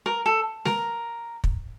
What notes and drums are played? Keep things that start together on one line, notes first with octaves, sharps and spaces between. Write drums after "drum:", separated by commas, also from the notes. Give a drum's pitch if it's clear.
A#4
A4
A#4, drum: snare G#3
drum: kick